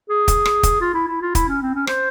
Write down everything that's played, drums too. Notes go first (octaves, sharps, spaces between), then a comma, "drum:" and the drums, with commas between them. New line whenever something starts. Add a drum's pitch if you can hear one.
G#4
drum: kick, hi-hat
drum: rim click
drum: kick, hi-hat
F4
E4
E4
F4
E4, drum: kick, hi-hat
C#4
C4
C#4
C5, drum: rim click